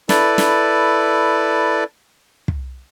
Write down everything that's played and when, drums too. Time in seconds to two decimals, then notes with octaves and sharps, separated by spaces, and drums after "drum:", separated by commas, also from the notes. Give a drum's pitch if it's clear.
0.09 E4 A4 B4 D5, drum: snare
0.38 drum: snare
2.48 drum: kick